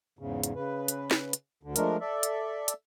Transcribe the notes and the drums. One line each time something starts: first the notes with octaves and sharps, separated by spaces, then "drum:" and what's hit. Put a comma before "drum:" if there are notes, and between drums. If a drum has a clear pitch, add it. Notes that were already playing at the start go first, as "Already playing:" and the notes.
E2 G#2 C#3
drum: hi-hat
C#3 B4
drum: hi-hat
drum: snare
drum: hi-hat
D2 D3
F3 G#3 A3 D4 A#4, drum: hi-hat
A4 D5 E5
drum: hi-hat
drum: hi-hat